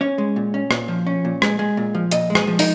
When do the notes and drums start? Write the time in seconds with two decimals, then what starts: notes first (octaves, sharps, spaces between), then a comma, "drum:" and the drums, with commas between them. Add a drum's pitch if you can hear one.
0.01 C#4 C#5
0.18 G#3
0.36 A#2
0.54 C#4
0.71 A#2, drum: rim click
0.88 F3
1.07 C#4
1.25 A#2
1.42 G#3, drum: rim click
1.59 G#3
1.77 A#2
1.95 F3
2.11 A#2 D#5, drum: hi-hat
2.30 G#3
2.35 G#4, drum: rim click
2.47 F3
2.59 D#4, drum: open hi-hat